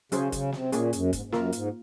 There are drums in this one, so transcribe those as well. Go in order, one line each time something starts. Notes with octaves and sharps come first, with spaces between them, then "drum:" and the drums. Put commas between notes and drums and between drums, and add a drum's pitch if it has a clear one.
C#3 F#3 C#4 G#4 C5, drum: hi-hat
D#3
C#3, drum: kick, hi-hat
C3, drum: snare
A#2 A#3 C#4 G#4, drum: hi-hat
F#2, drum: hi-hat
G#2, drum: kick, hi-hat
G#2
F#2 A#3 F4 A#4, drum: snare
G#2, drum: hi-hat